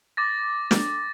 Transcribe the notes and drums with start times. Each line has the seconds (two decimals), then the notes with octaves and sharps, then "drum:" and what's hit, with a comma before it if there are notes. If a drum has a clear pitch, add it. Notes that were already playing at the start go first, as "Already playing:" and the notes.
0.17 D6 A6 A#6
0.71 drum: snare